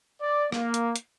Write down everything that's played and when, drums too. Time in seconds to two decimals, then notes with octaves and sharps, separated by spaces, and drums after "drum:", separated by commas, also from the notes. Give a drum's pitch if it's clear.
0.22 D5
0.52 A#3, drum: rim click
0.74 drum: hi-hat
0.96 drum: hi-hat